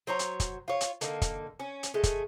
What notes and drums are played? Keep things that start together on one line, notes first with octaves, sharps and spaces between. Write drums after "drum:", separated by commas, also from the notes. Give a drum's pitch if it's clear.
F#3 C5 C#5 A#5
drum: hi-hat
drum: kick, hi-hat
F4 C#5
drum: hi-hat
D3 A#3 D#4, drum: hi-hat
drum: kick, hi-hat
C#4
drum: hi-hat
G#3 A3
drum: kick, hi-hat